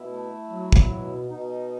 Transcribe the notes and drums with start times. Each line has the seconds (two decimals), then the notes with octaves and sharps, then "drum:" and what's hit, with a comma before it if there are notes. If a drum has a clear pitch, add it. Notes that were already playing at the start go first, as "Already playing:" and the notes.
Already playing: B2 E4
0.09 A3
0.50 F#3
0.72 drum: kick
0.89 B2
1.30 B2 D#4